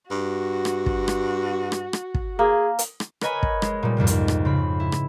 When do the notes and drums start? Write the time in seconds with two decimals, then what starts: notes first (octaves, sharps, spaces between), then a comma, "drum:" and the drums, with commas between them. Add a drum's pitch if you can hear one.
0.11 G2 F#4
0.65 drum: rim click
0.86 drum: kick
1.08 drum: rim click
1.72 drum: rim click
1.93 drum: rim click
2.14 drum: kick
2.39 A#3 G#4
2.79 drum: hi-hat
3.00 drum: rim click
3.21 A#4 B4 C#5 D#5 G#5 B5, drum: rim click
3.43 drum: kick
3.62 G#3, drum: rim click
3.83 A#2 G3
3.97 C2 F2 G#2 C3
4.07 drum: hi-hat
4.28 drum: rim click
4.45 C#3 C4 B5
4.80 E4
4.92 drum: rim click